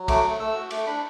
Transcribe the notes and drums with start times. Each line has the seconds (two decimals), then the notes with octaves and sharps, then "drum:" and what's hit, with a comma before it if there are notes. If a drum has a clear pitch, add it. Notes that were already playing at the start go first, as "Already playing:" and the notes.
Already playing: F#3
0.08 A3 D6, drum: kick, cymbal
0.24 A3
0.40 A3 E6
0.55 F#4
0.71 A3 D6, drum: cymbal
0.87 D4 B5